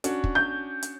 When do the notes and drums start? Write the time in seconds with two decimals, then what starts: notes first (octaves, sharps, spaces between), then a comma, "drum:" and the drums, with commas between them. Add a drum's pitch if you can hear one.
0.04 C#4 D4 F#4, drum: hi-hat
0.24 drum: kick
0.35 G6
0.83 drum: hi-hat